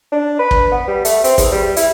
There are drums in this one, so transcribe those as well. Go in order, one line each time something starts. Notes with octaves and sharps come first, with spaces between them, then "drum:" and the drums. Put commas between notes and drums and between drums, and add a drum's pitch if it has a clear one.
D4
B4
drum: kick
B3
G3
A3, drum: hi-hat
C4, drum: hi-hat
E2, drum: kick, hi-hat
G3
E4, drum: hi-hat